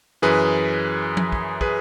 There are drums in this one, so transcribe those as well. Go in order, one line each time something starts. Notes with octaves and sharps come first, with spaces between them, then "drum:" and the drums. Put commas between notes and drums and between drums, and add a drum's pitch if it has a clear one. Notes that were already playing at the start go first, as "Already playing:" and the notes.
F#2 E3 G#4 B4
drum: tom
drum: kick
G#4 B4, drum: kick